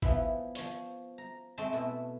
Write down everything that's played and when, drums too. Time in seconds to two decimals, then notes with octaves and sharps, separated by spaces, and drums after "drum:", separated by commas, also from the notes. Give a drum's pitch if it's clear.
0.02 E3 F3 B3 E4, drum: kick
0.55 F3 C#5, drum: open hi-hat
1.18 A#5
1.58 G#3 A3 C4 C5 A5
1.73 B2 E4 A4